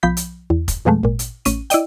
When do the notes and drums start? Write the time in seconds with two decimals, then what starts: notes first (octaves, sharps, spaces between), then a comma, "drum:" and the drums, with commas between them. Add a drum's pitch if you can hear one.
0.03 B1 F3 B5 G6 B6
0.17 drum: hi-hat
0.50 E2
0.68 drum: kick F1, hi-hat
0.85 F2 B2 F3 G#3 A3
1.03 G#1 A#2
1.19 drum: hi-hat
1.45 A1 C#4 D#7, drum: hi-hat
1.70 E4 D5 D#5 G5, drum: hi-hat